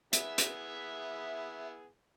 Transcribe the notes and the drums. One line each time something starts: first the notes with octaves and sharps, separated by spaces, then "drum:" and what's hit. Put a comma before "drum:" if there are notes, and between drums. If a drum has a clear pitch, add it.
B3 E4 G#4 E5, drum: hi-hat
drum: hi-hat